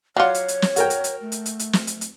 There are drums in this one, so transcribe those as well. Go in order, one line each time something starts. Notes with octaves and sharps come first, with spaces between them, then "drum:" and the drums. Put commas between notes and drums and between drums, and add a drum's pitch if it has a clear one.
F#3 F4 C#5 D5 F5 F#5
drum: hi-hat
drum: hi-hat
drum: snare
F#4 A#4 G5, drum: hi-hat
drum: hi-hat
drum: hi-hat
A3
drum: hi-hat
drum: hi-hat
drum: hi-hat
drum: snare
drum: hi-hat
drum: hi-hat